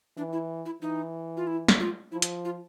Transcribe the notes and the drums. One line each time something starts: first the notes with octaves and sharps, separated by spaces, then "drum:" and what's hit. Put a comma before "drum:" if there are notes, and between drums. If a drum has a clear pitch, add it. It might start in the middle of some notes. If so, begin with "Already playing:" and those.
E3 D4
E4
E4
E3 D#4
F4
E4
drum: snare
F4
F3 E4
drum: hi-hat
F4